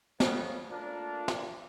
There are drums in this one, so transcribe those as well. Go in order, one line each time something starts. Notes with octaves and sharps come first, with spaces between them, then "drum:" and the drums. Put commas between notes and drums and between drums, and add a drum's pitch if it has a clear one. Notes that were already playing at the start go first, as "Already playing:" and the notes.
F2 C#3 B3, drum: snare
A3 A#3 D4 F4 A#4
drum: snare